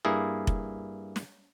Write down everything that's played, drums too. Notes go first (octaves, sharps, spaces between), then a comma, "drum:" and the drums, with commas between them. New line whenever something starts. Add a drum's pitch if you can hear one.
G2 A#3 E4 G#4
drum: kick F1
drum: snare